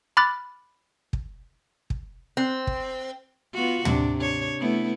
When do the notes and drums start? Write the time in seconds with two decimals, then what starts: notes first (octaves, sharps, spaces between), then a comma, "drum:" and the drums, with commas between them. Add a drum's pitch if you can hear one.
0.17 B5 D6 F6 F#6 A6
1.13 drum: kick
1.90 drum: kick
2.37 C4
2.67 drum: kick
3.54 B3 F4 F#4
3.85 C3 D4, drum: tom
4.18 D4 C#5
4.60 A3 B3 E4